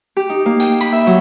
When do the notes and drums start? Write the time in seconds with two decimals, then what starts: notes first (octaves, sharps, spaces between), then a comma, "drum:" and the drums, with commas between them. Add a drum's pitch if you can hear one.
0.17 G4
0.30 D#4
0.46 A#3
0.60 G5, drum: tambourine
0.81 B5, drum: tambourine
0.92 E5
1.07 F#3